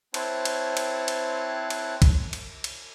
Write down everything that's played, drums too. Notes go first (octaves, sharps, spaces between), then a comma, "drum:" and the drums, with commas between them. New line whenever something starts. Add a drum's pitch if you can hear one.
C4 E4 C5 C#5 A5 F#6, drum: cymbal
drum: cymbal
drum: cymbal
drum: cymbal
drum: cymbal
drum: kick, cymbal
drum: cymbal
drum: cymbal